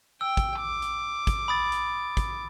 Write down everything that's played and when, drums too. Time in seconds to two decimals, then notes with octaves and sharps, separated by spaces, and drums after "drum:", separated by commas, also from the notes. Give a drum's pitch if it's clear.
0.21 G5 E6
0.37 drum: kick, hi-hat
0.60 D6
0.82 drum: hi-hat
1.27 drum: kick, hi-hat
1.48 B5 D#6 A6
1.72 drum: hi-hat
2.17 drum: kick, hi-hat